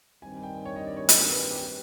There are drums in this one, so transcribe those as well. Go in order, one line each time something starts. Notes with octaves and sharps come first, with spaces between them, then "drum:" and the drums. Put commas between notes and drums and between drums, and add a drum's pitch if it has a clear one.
G2 D#3 G3 C4 G#5
G5
C#5
D#5
D5
C#5
drum: hi-hat
B4
G4